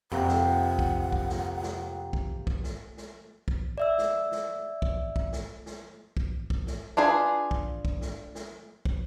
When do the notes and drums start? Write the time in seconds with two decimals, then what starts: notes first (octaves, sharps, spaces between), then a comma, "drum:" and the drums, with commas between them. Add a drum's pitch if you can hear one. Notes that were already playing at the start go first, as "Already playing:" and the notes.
0.12 F2 C3 A#3 C4 A#4 F#5
0.28 drum: snare
0.79 drum: kick
1.12 drum: kick
1.29 drum: snare
1.63 drum: snare
2.13 drum: kick
2.47 drum: kick
2.64 drum: snare
2.97 drum: snare
3.48 drum: kick
3.78 D5 E5 E6
3.98 drum: snare
4.32 drum: snare
4.82 drum: kick
5.16 drum: kick
5.33 drum: snare
5.66 drum: snare
6.17 drum: kick
6.50 drum: kick
6.67 drum: snare
6.97 D4 F4 G#4 B4
7.51 drum: kick
7.85 drum: kick
8.01 drum: snare
8.35 drum: snare
8.85 drum: kick